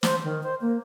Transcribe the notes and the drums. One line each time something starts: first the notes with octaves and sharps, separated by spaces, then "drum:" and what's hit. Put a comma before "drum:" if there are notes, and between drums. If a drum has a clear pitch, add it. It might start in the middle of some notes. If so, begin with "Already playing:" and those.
C5, drum: snare
D#3
C5
A#3